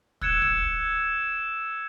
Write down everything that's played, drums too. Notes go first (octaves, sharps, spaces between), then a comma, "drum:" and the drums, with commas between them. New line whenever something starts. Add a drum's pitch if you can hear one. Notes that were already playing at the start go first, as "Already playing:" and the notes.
E6 F#6 G#6 C#7 D7 E7, drum: kick
drum: kick